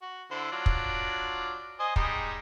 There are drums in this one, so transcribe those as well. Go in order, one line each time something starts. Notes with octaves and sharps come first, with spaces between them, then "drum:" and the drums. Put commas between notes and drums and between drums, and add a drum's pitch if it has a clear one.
F#4
D3 E4 C5
F#3 D4 F4
drum: kick
C5 D#5 G#5
G3 G#3 D#4, drum: kick